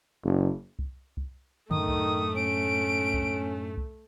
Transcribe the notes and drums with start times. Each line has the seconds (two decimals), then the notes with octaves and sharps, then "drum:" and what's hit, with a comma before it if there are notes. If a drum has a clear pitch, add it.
0.23 F#1
0.79 drum: kick C2
1.17 drum: kick C2
1.71 F#2 A2 D#3 A3 D#6, drum: tom D3
1.88 drum: kick C2
2.36 C#4 D7
3.14 drum: kick C2
3.77 drum: kick C2